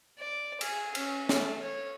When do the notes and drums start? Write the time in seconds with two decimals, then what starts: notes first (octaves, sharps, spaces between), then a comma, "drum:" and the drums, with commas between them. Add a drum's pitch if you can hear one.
0.19 D5
0.61 G#4, drum: cymbal
0.95 C#4, drum: cymbal
1.29 A3, drum: snare
1.62 C#5